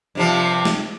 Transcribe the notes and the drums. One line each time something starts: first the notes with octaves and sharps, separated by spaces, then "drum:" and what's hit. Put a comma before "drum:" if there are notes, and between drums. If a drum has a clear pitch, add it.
G2 C3 F3
drum: snare